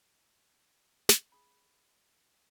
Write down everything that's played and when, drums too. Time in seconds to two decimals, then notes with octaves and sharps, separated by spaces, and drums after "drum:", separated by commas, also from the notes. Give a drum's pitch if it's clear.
1.09 drum: snare
1.32 G#4 B5